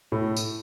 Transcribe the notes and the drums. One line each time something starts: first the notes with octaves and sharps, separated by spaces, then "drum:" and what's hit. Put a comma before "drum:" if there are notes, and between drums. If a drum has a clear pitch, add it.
A2
drum: tambourine